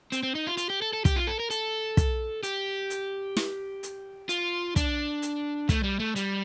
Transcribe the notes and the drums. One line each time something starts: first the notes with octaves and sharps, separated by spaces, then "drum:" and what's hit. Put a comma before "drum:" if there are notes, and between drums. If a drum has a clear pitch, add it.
C4, drum: hi-hat
C4
D#4
F4
F4, drum: hi-hat
G4
A4
A4
G4, drum: kick, hi-hat
F4
A4
A#4
A4, drum: hi-hat
drum: kick, hi-hat
G4, drum: hi-hat
drum: hi-hat
drum: snare
drum: hi-hat
F4, drum: hi-hat
D4, drum: kick, hi-hat
drum: hi-hat
A3, drum: kick, hi-hat
G3
A3
G3, drum: hi-hat